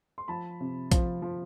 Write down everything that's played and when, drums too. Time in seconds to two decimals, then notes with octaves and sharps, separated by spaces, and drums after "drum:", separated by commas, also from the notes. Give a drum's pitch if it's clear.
0.18 C6
0.28 F3 A5 B5
0.60 C3
0.92 F3, drum: kick A#1, hi-hat
1.22 F3